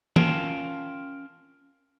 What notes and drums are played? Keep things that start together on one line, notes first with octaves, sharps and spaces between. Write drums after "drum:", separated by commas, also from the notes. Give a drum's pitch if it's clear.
C#4 F4 A#4 F5 G5 A5, drum: tom E3